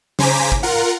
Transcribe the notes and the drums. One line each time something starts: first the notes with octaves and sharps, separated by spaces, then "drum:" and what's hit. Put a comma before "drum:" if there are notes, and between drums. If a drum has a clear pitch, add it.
C#3 C5 G#5 A#5 D6 B6, drum: snare
drum: kick
F4 A#4 F#5